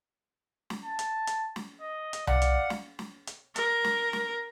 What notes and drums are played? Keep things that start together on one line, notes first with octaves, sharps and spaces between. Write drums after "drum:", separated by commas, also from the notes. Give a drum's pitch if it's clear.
drum: snare
A5
drum: hi-hat
drum: hi-hat
drum: snare
D#5
drum: hi-hat
D5 F5 F#5, drum: tom C2
drum: hi-hat
drum: snare
drum: snare
drum: hi-hat
A#4, drum: hi-hat
drum: snare
drum: snare